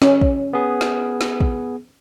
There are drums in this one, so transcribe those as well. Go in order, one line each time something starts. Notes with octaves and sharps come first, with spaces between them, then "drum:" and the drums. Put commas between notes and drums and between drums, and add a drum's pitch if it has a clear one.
C#4, drum: snare
drum: kick
B3 G#4
drum: snare
drum: snare
drum: kick